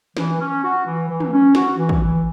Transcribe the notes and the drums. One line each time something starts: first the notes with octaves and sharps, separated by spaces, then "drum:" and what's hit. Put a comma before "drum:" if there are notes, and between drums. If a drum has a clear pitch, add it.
E3, drum: snare
C#4
F#4
E3
E3
drum: tom
C#4
F#4, drum: snare
E3
drum: kick
E3